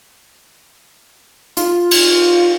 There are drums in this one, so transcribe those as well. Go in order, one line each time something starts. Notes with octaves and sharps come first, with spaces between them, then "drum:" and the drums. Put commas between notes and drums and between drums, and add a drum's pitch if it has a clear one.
F4, drum: hi-hat
drum: cymbal